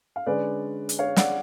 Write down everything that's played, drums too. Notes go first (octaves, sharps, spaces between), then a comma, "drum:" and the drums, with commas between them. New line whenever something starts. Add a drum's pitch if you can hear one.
F5
D3 G#3 C#4 B4 D5
drum: hi-hat
C#5 F5
D5 F#5, drum: snare